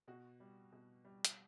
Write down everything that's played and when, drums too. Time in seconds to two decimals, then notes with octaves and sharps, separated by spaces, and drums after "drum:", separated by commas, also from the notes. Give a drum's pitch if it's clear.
0.08 B2 F#4
0.40 G3
0.72 B2
1.05 G3
1.25 drum: hi-hat